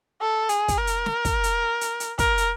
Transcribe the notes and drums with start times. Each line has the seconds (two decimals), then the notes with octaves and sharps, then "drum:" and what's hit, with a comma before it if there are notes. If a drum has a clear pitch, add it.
0.21 A4
0.49 G#4, drum: hi-hat
0.68 drum: kick, hi-hat
0.78 A#4
0.87 drum: hi-hat
1.06 drum: snare
1.25 drum: kick, hi-hat
1.44 drum: hi-hat
1.81 drum: hi-hat
2.00 drum: hi-hat
2.19 A#4, drum: kick, hi-hat
2.38 drum: hi-hat